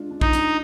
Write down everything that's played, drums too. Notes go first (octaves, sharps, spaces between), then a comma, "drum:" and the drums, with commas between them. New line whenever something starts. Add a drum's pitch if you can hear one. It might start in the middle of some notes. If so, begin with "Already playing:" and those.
Already playing: G#3 D4 F4
D4
D#4, drum: kick
D4, drum: hi-hat